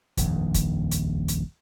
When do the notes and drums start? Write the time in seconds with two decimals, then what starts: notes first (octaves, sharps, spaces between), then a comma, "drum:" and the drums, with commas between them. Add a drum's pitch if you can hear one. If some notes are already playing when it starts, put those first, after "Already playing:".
0.17 D#1 A#1 F2 D#3, drum: kick, hi-hat
0.54 drum: kick, hi-hat
0.91 drum: hi-hat
1.28 drum: hi-hat